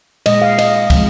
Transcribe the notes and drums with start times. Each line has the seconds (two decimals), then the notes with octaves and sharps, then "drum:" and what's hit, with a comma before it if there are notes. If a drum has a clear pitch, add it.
0.26 A#2 G#3 D#5, drum: cymbal
0.42 F5
0.59 D#5, drum: cymbal
0.90 C3 F3 G#3, drum: kick, cymbal